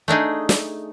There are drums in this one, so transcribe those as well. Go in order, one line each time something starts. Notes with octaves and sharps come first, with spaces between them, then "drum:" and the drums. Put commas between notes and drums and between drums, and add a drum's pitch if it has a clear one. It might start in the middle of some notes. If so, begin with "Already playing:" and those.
A3 D4 D#4 G#4
drum: snare